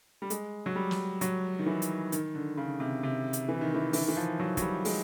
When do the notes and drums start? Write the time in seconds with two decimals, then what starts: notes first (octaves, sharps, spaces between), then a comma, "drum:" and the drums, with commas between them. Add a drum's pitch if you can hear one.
0.22 G3
0.30 G#3, drum: hi-hat
0.66 F#3
0.76 G3
0.91 drum: snare
1.21 F#3, drum: hi-hat
1.59 D#3
1.66 E3
1.82 drum: hi-hat
2.12 D#3, drum: hi-hat
2.35 D3
2.57 C#3
2.80 C3
3.03 C3
3.33 drum: hi-hat
3.49 E3
3.61 D#3
3.74 E3
3.93 E3, drum: open hi-hat
4.01 D#3
4.08 E3
4.17 F3
4.40 F#3
4.57 F#3, drum: kick, hi-hat
4.62 G3
4.85 G#3, drum: open hi-hat